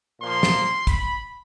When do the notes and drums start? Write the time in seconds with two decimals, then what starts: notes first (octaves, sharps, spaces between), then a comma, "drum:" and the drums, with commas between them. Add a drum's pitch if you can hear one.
0.21 A#2 F3 A#3 C6
0.43 drum: snare
0.87 B5, drum: kick, hi-hat